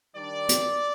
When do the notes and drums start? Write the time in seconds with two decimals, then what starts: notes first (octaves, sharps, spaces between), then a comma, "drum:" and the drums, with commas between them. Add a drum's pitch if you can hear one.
0.15 D#3 G3 D4 D5
0.49 drum: hi-hat